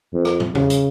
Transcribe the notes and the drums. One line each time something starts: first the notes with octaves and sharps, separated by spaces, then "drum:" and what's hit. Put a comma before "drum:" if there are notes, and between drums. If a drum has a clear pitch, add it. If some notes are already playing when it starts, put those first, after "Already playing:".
F2
drum: rim click
drum: tom
C#3, drum: tom E2
drum: hi-hat